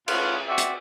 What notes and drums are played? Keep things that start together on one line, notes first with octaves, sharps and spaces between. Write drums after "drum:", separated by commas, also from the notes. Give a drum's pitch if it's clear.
A2 C#4 F4 B4 F#5, drum: cymbal
C4 F#4 D5 E5
drum: hi-hat